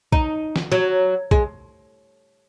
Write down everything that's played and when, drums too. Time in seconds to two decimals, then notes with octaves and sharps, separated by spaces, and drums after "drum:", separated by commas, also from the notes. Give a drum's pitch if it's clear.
0.12 D#4, drum: kick A#1
0.56 drum: snare
0.72 F#3
1.31 G#3, drum: kick A#1